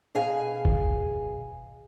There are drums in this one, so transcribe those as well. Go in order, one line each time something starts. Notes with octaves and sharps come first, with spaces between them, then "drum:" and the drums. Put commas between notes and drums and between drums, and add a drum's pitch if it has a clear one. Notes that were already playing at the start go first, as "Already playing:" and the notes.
B2 G#4 F5 G#5
drum: kick